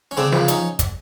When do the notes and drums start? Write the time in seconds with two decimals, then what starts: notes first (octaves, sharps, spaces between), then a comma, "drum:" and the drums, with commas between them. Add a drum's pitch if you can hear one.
0.11 C#4
0.17 C#3 C4 D4
0.32 F3, drum: snare
0.48 C#4 D#4, drum: hi-hat
0.79 drum: kick, hi-hat